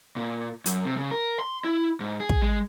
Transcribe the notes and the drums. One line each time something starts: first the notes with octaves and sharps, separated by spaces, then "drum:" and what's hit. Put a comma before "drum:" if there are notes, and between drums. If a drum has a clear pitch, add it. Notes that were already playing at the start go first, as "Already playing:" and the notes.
A#2
F#2, drum: hi-hat
C3
C#3
A#4
C6
E4
G#2
G#4
drum: kick
G#3